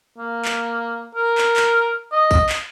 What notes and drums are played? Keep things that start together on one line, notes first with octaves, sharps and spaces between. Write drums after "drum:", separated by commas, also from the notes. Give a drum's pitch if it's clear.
A#3
drum: clap
A#4
drum: clap
drum: clap
D#5
drum: kick, tambourine
drum: clap